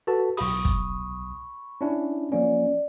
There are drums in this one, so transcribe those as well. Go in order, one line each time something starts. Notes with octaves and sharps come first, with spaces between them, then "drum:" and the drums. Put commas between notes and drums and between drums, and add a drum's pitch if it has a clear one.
F#4 A4 B4 A5
B1 B5 C#6 D#6, drum: open hi-hat
drum: kick
C#4 D4 E4
F3 A#3 C#4 D5